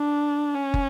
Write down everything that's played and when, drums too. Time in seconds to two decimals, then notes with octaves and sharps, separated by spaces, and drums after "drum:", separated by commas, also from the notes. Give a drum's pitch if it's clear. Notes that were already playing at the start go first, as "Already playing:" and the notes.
Already playing: D4
0.54 C#4
0.74 drum: kick